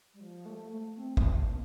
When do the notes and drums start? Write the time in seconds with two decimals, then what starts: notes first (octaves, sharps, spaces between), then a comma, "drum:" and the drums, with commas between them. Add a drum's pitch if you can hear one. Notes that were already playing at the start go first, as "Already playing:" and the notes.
0.13 G3
0.20 F3
0.45 A3
0.72 A3
0.97 C4
1.17 C4, drum: kick
1.23 D4
1.49 A#3